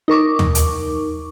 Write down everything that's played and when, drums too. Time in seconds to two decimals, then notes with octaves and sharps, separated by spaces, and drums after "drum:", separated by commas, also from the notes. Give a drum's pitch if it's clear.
0.08 D#4 A#4 C#6 D6
0.39 drum: tom
0.55 drum: hi-hat